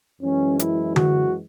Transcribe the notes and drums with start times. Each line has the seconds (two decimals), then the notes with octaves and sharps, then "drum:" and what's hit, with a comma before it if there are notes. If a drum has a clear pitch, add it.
0.21 F#2 E3 G#3 C#4
0.59 E4, drum: hi-hat
0.96 F#4, drum: tom D3